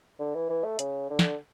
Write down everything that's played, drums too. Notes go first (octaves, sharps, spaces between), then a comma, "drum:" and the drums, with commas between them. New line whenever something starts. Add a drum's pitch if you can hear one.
D3
E3
E3
A3
C#3, drum: hi-hat
D3
drum: snare